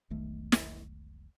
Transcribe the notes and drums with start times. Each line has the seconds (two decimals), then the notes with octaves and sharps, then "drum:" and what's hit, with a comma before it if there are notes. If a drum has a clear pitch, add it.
0.10 E1 B1 D#3 A3
0.52 drum: snare